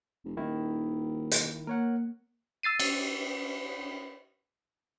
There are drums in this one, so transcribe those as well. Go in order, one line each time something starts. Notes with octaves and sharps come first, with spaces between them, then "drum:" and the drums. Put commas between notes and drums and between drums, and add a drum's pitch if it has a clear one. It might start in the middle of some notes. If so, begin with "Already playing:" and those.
F1
D#1 D#3 E4
drum: hi-hat
A#3 A#4 C#5 F#5
E6 A6 C7 D#7
drum: cymbal